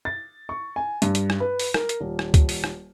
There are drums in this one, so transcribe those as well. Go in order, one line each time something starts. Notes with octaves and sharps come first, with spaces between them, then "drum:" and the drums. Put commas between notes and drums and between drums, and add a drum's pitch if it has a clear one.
A6
C#6
G#5
G2, drum: hi-hat
drum: hi-hat
drum: rim click
B4
drum: open hi-hat
A#4, drum: rim click
drum: hi-hat
D#1
drum: rim click
drum: kick C#2, hi-hat
drum: open hi-hat
drum: rim click